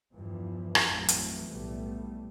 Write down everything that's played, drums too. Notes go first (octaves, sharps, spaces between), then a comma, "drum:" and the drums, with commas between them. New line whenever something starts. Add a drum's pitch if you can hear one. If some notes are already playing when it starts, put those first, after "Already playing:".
E2 G2 E3 F3
drum: rim click
A1 F2 E3 F#3 A3 C4
drum: hi-hat
B1 A2 G3 A3 B3